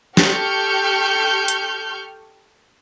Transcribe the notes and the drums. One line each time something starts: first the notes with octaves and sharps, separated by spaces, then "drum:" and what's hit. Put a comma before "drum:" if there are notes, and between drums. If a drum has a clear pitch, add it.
G4 A4 C#6 F6 G6, drum: snare
drum: hi-hat